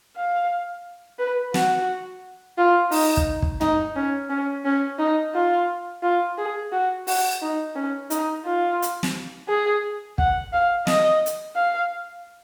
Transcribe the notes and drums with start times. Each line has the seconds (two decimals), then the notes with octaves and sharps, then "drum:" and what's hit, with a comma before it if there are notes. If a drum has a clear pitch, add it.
0.16 F5
1.19 B4
1.54 F#4, drum: snare
2.58 F4
2.91 D#4, drum: open hi-hat
3.17 drum: kick
3.42 drum: kick
3.61 D#4, drum: tom
3.96 C#4
4.30 C#4
4.65 C#4
4.99 D#4
5.34 F4
6.02 F4
6.38 G#4
6.72 F#4
7.07 F#4, drum: open hi-hat
7.42 D#4
7.75 C#4
8.10 D#4, drum: hi-hat
8.45 F4
8.82 drum: hi-hat
9.03 drum: snare
9.48 G#4
10.18 F#5, drum: kick
10.53 F5
10.87 D#5, drum: snare
11.26 drum: hi-hat
11.56 F5